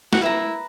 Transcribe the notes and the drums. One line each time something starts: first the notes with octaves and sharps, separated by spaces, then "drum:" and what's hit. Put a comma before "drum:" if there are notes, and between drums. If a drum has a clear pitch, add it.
F#4, drum: snare
E4 B4 E5 A#5